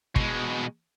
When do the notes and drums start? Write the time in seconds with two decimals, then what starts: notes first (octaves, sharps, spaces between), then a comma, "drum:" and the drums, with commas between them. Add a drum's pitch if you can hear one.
0.16 B2 G#3, drum: kick